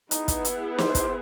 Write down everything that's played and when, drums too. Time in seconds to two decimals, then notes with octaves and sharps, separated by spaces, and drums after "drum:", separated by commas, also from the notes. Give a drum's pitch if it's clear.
0.11 B3 D#4 E4 G#4, drum: hi-hat
0.28 drum: kick, hi-hat
0.45 drum: hi-hat
0.78 C5, drum: snare
0.95 drum: kick, hi-hat